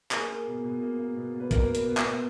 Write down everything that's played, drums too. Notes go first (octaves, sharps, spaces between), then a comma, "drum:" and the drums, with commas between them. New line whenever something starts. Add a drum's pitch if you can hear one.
A#3 G#4, drum: clap
A#3
B2
B2
A#3
A#3
B2
B2
B4
A#3 A#4, drum: kick, hi-hat
A#3
B4, drum: hi-hat
B2
E5, drum: clap
B2